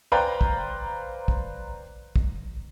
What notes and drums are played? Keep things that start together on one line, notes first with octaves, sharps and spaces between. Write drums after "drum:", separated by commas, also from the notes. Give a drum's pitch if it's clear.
B4 C5 D5 F5 G5 A#5
drum: kick
drum: kick
drum: kick